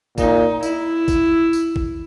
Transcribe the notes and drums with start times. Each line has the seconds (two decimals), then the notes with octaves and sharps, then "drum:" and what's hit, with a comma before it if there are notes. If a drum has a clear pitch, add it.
0.18 A#2 D#4, drum: kick, tambourine
0.63 E4, drum: tambourine
1.08 drum: kick, tambourine
1.53 drum: tambourine
1.76 drum: kick